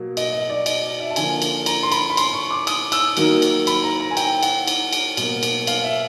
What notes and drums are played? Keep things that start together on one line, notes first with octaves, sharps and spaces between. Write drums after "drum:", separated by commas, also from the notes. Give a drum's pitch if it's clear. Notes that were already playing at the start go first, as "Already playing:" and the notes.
Already playing: B2 F#3 A#3
D#5, drum: cymbal
D#5
D5
D#5, drum: cymbal
D5
E5
A5
D3 F3 A#3 G#5, drum: cymbal
drum: cymbal
A#5, drum: cymbal
C6
B5, drum: cymbal
B5
C6, drum: cymbal
C#6
D6
D#6, drum: cymbal
E6, drum: cymbal
D#3 F#3 A#3, drum: cymbal
drum: cymbal
B5, drum: cymbal
A#5
A#5
G#5
G5, drum: cymbal
F#5, drum: cymbal
drum: cymbal
drum: cymbal
B2 F#3 A#3, drum: cymbal
drum: cymbal
F5, drum: cymbal
F5
E5